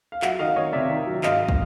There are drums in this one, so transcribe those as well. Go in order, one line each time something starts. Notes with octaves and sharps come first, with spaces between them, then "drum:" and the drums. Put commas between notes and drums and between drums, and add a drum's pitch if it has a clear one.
F5
F#3 E5 F#5, drum: clap
D#3 D#5 F5
D#3 C#5 D#5
C3 D5 E5
D#3
F#3
G#2 D#5 F5, drum: clap
drum: kick